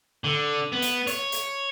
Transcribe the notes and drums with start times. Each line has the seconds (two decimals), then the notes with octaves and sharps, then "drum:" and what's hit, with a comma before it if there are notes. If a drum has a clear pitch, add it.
0.24 D3
0.72 B3
0.82 drum: hi-hat
1.07 C#5, drum: hi-hat
1.32 drum: hi-hat